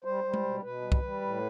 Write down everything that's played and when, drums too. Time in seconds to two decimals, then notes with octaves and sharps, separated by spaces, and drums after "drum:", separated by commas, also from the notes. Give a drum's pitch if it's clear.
0.04 G3 C5
0.24 G3
0.34 drum: tom G#3
0.43 B2
0.62 B2 B4
0.81 G3
0.92 drum: kick
1.02 G3
1.21 A2